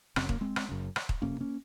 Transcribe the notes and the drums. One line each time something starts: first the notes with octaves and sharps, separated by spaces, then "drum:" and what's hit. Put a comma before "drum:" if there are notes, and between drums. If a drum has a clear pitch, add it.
F#1 F#2 C#3 C4, drum: rim click
A#3, drum: kick
G#3 C4
drum: rim click
F#1 F#2 C#3
drum: rim click
drum: kick
F#1 F2 C3 A#3 C#4
A#3 C#4